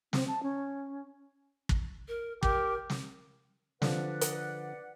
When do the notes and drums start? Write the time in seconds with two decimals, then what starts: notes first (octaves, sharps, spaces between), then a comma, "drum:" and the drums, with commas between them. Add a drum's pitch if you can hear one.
0.13 C4, drum: snare
0.28 A5
0.43 C#4
1.69 drum: kick
2.08 A#4
2.43 G4 A#4, drum: kick
2.90 drum: snare
3.82 D3 F3 B4 D5 F#5, drum: snare
4.21 drum: hi-hat